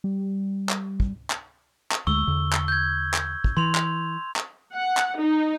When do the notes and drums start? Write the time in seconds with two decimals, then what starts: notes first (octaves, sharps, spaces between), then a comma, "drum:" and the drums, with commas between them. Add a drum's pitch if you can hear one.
0.04 G3
0.69 drum: clap
1.00 drum: kick
1.30 drum: clap
1.92 drum: clap
2.07 D2 D3 G#3 C#6 E6 G7
2.27 E2 D3
2.53 drum: clap
2.68 G6 G#6
3.14 drum: clap
3.44 drum: kick
3.57 E3 C6 F7
3.75 drum: clap
4.36 drum: clap
4.74 F#5
4.97 drum: clap
5.18 D#4